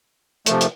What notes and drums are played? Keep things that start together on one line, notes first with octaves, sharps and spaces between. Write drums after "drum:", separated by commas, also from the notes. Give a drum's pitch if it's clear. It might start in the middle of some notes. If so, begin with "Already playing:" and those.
C3 F3 A3, drum: hi-hat
drum: hi-hat